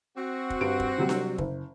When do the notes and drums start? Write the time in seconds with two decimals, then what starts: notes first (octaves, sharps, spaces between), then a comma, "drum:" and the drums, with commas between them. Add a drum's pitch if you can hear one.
0.17 C4 F#4
0.50 drum: kick
0.61 G2 G3 D7
0.80 drum: kick
0.98 C3 F#3 G3
1.09 drum: snare D4
1.38 F#1, drum: kick